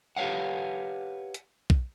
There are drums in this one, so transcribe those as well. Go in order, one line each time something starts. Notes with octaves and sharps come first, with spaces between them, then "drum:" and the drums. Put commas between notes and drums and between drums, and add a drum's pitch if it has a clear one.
G4 B4 C#5 F5 F#5
drum: hi-hat
drum: kick